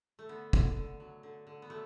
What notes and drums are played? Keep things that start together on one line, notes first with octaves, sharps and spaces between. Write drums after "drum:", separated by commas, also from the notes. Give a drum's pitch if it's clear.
A3
D3 B3
D3, drum: kick
D3
F#3
D3
D3
B3
F#3 A3